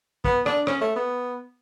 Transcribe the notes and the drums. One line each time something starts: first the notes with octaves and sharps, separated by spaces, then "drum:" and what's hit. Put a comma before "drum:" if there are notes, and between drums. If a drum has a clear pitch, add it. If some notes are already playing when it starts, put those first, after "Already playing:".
B3, drum: kick
D4, drum: rim click
C#4, drum: rim click
A3
B3